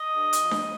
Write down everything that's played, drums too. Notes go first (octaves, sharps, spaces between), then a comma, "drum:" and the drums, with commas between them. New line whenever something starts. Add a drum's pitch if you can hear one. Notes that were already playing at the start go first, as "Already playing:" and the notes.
Already playing: D#5
G2
drum: hi-hat
F3
drum: snare D4